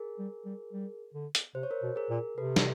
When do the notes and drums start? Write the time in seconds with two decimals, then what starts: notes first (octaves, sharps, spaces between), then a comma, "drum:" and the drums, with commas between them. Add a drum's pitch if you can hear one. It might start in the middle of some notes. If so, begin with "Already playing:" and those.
Already playing: G#4 A#4
0.19 G3
0.46 G3
0.73 G3
1.14 D3
1.35 drum: hi-hat
1.55 C3 C5
1.63 C#5
1.71 A#4 C5
1.83 B2
1.96 G#4 A#4
2.10 A#2
2.38 C3 A4 B4
2.56 G4, drum: snare